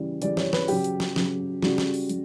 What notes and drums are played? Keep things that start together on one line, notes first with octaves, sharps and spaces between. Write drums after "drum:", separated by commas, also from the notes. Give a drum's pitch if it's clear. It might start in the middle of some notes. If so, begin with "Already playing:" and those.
Already playing: C#3 E3 G3
C#3 E3 G3 D5, drum: hi-hat
C#5, drum: snare
B4, drum: snare
C#3 F#3 G4, drum: open hi-hat
drum: hi-hat
drum: snare
C#3 F#3, drum: snare
C#3 G3 F#4, drum: snare
drum: snare
drum: open hi-hat
G3, drum: hi-hat